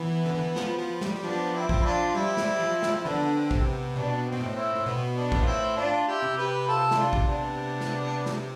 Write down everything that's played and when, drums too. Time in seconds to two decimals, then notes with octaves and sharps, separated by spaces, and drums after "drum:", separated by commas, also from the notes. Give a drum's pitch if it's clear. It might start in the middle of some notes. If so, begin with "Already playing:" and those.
Already playing: E3 B3
0.26 D3
0.34 E3
0.56 F3, drum: snare
0.79 F3
1.01 G3, drum: snare
1.15 G3
1.24 F3 B3 D4
1.54 C4 E4
1.69 F3, drum: kick
1.81 E4
1.85 D4 F4
2.14 G3 C4 E4
2.37 drum: snare
2.60 F3
2.83 drum: snare
2.96 E4
3.05 D3 B3 D4
3.35 C4
3.51 C3, drum: kick
3.60 C4
3.66 B3
3.95 B2 B3 D4
4.26 C4
4.32 B2
4.41 A2
4.56 C4 E4
4.75 A2
4.86 B2 B3
5.16 B3 D4
5.32 A2, drum: kick
5.41 F4
5.46 C4 E4
5.76 D4 F4
6.08 E4 G4
6.22 C3
6.37 G4 B4
6.68 F4 A4
6.91 E4, drum: snare
6.98 D4 F4
7.13 drum: kick
7.27 B3 D4
7.81 drum: snare
8.26 drum: snare